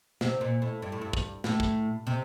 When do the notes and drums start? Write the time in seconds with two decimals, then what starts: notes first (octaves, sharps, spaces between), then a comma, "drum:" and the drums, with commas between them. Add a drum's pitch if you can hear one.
0.21 C3, drum: snare
0.41 A#2
0.62 A2
0.82 G2
0.92 A2
1.02 G2
1.13 drum: kick
1.44 A2, drum: snare
1.60 drum: kick
2.07 C3